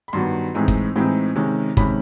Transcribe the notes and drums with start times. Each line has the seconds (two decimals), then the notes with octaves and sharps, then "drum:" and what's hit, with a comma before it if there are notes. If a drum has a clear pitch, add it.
0.08 B5
0.13 G2 D#3 F#3 B3 C6
0.54 A2 E3 G#3 C4 D#4
0.68 drum: kick
0.96 A2 E3 G#3 C4 D#4
1.36 C3 D#3 G#3 C#4
1.77 C3 D#3 G#3 C#4 B5, drum: kick